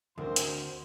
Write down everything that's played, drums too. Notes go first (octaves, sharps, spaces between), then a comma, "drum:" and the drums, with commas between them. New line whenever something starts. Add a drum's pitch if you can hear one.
D2 C4 F#4 A#4 C5
drum: hi-hat